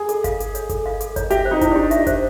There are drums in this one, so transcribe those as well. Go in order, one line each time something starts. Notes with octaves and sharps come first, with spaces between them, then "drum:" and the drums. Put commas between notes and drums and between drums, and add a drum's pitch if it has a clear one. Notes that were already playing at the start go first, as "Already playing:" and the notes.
Already playing: G#4
A4, drum: hi-hat
F5, drum: kick G1, hi-hat
A4, drum: hi-hat
C#5, drum: hi-hat
A4, drum: kick G1, hi-hat
F5
A4, drum: hi-hat
C#5, drum: kick G1, hi-hat
G4 E5, drum: hi-hat
C5
D#4
E4, drum: kick G1, hi-hat
D4 G4
E5, drum: hi-hat
C5, drum: kick G1, hi-hat